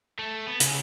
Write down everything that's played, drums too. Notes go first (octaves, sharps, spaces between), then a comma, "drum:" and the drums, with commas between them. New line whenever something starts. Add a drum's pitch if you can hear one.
A3
B3
C#2, drum: hi-hat